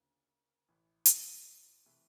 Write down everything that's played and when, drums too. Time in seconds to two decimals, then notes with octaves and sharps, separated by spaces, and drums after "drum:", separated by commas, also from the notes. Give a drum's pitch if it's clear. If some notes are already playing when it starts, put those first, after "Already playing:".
Already playing: D2 C#3 F3 A#3 D4
0.68 A1 A2 E3
1.06 drum: hi-hat
1.85 C3 E3 A3